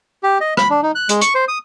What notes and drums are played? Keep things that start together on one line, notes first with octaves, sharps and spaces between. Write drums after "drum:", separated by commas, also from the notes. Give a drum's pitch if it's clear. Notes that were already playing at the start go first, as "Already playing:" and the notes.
G4
D#5
B5, drum: rim click
D4
D#4
F#6
G#3, drum: hi-hat
C#6, drum: hi-hat
C5
D#6